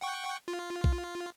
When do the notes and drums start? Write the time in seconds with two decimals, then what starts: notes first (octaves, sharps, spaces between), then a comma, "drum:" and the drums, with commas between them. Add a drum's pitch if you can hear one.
0.01 F#5 G5 C#6
0.48 F4
0.84 drum: kick